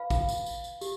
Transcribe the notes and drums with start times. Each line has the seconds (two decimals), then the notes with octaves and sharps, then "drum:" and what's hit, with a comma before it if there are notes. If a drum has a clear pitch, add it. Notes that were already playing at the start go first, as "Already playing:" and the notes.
Already playing: B4 F5 B5
0.10 F5, drum: kick, tambourine
0.29 drum: tambourine
0.46 drum: tambourine
0.64 drum: tambourine
0.81 G4, drum: tambourine